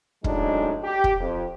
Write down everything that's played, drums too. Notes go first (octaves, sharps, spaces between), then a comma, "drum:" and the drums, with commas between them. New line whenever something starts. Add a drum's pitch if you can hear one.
F#2 A2 G#3 D4 D#4, drum: kick
G4
drum: kick
F2